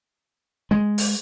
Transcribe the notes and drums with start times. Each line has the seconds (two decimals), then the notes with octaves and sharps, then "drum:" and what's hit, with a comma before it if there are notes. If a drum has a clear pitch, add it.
0.71 G#3
0.98 drum: open hi-hat